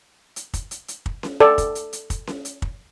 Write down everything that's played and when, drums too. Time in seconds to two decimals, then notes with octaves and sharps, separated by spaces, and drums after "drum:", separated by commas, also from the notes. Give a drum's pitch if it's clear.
0.36 drum: hi-hat
0.54 drum: kick, hi-hat
0.71 drum: hi-hat
0.88 drum: hi-hat
1.06 drum: kick
1.23 drum: snare C#4
1.40 A4 D5
1.58 drum: kick, hi-hat
1.75 drum: hi-hat
1.93 drum: hi-hat
2.10 drum: kick, hi-hat
2.27 drum: snare C#4
2.45 drum: hi-hat
2.62 drum: kick